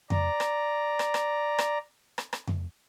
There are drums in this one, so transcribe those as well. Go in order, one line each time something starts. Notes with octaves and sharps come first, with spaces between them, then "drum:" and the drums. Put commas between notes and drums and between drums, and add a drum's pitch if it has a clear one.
D5 A#5, drum: tom F2
drum: rim click
drum: rim click
drum: rim click
drum: rim click
drum: rim click
drum: rim click
drum: tom F2